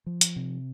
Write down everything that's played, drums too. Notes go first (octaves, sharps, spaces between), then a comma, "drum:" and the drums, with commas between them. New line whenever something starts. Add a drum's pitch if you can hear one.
F3
drum: hi-hat
C3